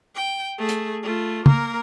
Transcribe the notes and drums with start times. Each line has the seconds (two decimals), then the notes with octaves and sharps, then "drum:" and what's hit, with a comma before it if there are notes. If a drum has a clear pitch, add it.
0.15 G5
0.58 A3 G#4
0.69 drum: hi-hat
1.03 A3 F4
1.46 A#3 A#4, drum: tom